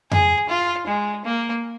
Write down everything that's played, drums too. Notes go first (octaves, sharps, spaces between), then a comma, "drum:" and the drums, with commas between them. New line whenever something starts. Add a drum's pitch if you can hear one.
G#4, drum: tom F2
F4
G#3
A#3